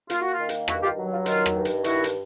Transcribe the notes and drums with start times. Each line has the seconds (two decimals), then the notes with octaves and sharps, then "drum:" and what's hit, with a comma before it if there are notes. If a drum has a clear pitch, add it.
0.10 A#3 F4, drum: hi-hat
0.21 F#4
0.33 F4
0.39 D#3
0.49 drum: hi-hat
0.68 G2 E4 F#4, drum: rim click
0.82 F4 G4
0.97 F#3
1.11 F4
1.26 D#3 F4, drum: hi-hat
1.46 drum: rim click
1.55 G2
1.65 drum: hi-hat
1.84 D#3 E4 F#4, drum: hi-hat
2.04 drum: hi-hat